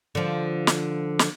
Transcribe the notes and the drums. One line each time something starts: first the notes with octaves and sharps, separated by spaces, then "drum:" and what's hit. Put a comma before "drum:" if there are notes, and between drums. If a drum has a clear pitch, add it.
D3 F3
drum: snare
drum: snare